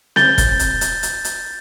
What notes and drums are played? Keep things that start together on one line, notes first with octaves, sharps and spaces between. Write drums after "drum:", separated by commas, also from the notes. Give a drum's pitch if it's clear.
G6 A6 G7, drum: snare C4
drum: kick, hi-hat
drum: hi-hat
drum: hi-hat
drum: hi-hat
drum: hi-hat